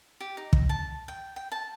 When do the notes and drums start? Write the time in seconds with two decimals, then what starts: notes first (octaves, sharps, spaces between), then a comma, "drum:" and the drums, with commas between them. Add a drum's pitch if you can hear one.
0.20 G4
0.37 D#4
0.53 drum: kick
0.69 A5
1.08 G5
1.36 G5
1.52 A5